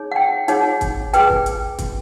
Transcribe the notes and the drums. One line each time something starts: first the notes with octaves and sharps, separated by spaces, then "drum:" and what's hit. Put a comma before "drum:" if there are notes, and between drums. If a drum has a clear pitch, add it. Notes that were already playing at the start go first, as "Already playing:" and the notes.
Already playing: D#4 G#4 C#5
F#5
G5
D#4 G#4 C#5 F#5, drum: hi-hat
drum: kick, hi-hat
G#4 B4 G5, drum: hi-hat
drum: kick
drum: hi-hat
drum: kick, hi-hat